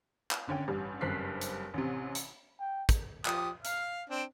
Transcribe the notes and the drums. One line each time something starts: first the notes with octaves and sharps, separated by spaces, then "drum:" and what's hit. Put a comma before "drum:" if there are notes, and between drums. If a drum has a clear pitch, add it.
drum: clap
G#1 D3 C#4 G5
A1 G2 G3
F#1 G2 C4 F#6 B6 C7
drum: hi-hat
A1 C3
drum: hi-hat
G5
drum: kick, hi-hat
F3 G4 D#6, drum: clap
F5 F6, drum: hi-hat
C4 D4